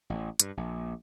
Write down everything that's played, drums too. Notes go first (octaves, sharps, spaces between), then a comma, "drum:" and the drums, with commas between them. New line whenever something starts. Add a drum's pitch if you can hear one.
A1
G2, drum: hi-hat
A#1